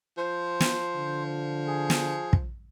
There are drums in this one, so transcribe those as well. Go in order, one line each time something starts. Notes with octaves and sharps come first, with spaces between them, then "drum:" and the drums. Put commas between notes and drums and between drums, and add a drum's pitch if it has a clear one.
F3 C5
drum: snare
D3
G#4
drum: snare
drum: kick